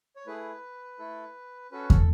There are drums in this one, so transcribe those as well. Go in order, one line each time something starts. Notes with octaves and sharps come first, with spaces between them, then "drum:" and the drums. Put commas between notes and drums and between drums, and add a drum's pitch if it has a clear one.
C#5
A3 E4 G#4 B4
A3 E4 A4
C#4 F#4 A4 B4
A4, drum: kick E2